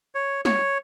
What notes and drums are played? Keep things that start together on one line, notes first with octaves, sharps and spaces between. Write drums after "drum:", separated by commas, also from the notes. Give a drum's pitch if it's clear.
C#5
C#5, drum: snare